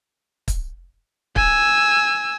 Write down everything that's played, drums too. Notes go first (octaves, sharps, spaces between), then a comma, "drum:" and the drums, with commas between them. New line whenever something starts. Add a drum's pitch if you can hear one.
drum: kick, hi-hat
G#5 E6, drum: kick